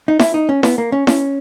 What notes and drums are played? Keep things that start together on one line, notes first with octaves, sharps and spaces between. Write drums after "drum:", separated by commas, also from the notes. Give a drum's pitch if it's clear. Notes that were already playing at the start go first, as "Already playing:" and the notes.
D#4
E4, drum: snare E4
D#4
C#4
B3, drum: snare E4
A#3
C#4
C#4, drum: snare E4